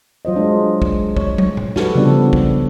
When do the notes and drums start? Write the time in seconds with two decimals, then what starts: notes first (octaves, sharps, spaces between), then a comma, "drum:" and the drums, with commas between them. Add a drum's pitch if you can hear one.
0.25 F#3 F4 C5 D#5
0.36 G#3 D4
0.82 drum: kick
1.17 C#5, drum: kick
1.38 drum: tom
1.57 drum: tom A2
1.76 F#4 G4 A4 B4, drum: snare
1.95 C#3 F3 G3 B3 D4 A4
2.33 drum: kick